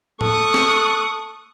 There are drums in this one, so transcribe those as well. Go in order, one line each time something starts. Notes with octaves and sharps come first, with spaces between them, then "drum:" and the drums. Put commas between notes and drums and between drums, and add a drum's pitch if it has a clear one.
A4 C#6 D#6 F#6, drum: tom A2
drum: snare